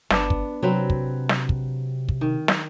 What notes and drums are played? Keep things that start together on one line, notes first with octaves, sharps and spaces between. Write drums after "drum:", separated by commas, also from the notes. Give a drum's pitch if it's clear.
G1 B3 D4, drum: snare
drum: kick
C3 F#3 C4 B4
drum: kick
drum: snare
drum: kick
drum: kick
D#3
drum: snare